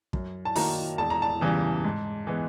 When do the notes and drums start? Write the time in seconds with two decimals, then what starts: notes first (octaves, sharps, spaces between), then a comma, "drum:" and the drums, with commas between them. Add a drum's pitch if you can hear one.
0.13 F#2, drum: kick
0.45 A5
0.56 D#3 F#3 A#3 A#5, drum: open hi-hat
0.98 E1 A5
1.10 A#5
1.22 A5
1.41 E2 C#3 E3 G3
1.85 G#2
2.27 E3 G#3 B3